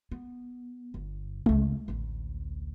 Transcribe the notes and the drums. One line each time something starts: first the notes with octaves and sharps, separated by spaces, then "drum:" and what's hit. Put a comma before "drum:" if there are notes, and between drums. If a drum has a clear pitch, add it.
B3
G1
G#1 C#2, drum: tom G#3
A1 D2